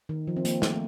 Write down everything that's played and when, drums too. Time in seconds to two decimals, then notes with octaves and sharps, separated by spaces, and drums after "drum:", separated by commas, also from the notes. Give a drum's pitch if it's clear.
0.09 D#3
0.27 F3
0.37 C4
0.45 A#3, drum: hi-hat
0.62 A3, drum: snare